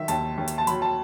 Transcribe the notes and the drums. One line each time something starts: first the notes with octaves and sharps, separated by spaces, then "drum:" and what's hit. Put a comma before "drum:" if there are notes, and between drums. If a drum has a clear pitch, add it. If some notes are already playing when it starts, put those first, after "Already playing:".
Already playing: D#3 F#3 E5
D#2 A5, drum: hi-hat
D#2
drum: hi-hat
A5
F#3 B5, drum: hi-hat
A5